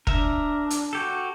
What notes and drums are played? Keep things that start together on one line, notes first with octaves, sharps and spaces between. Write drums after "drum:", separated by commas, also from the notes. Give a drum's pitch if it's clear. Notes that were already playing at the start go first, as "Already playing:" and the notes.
D4 A#4 E5, drum: kick
drum: hi-hat
F#4 G4 A4